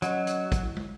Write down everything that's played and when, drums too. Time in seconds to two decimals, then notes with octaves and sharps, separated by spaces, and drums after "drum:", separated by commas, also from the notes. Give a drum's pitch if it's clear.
0.02 F#3 C#4 D#5, drum: hi-hat
0.27 drum: hi-hat
0.52 drum: kick, hi-hat
0.62 E4
0.77 drum: tom